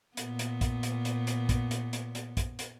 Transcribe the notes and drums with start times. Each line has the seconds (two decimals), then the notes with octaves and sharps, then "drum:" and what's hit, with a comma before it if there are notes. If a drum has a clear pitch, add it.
0.17 A#2 B3, drum: hi-hat
0.39 drum: hi-hat
0.61 drum: kick, hi-hat
0.83 drum: hi-hat
1.05 drum: hi-hat
1.27 drum: hi-hat
1.49 drum: kick, hi-hat
1.71 drum: hi-hat
1.93 drum: hi-hat
2.15 drum: hi-hat
2.37 drum: kick, hi-hat
2.59 drum: hi-hat